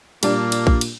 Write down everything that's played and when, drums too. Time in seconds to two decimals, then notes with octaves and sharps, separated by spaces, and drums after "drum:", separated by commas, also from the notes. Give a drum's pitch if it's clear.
0.23 A#2 G3 A#3 D4, drum: cymbal
0.52 drum: cymbal
0.67 drum: kick A#1
0.81 drum: cymbal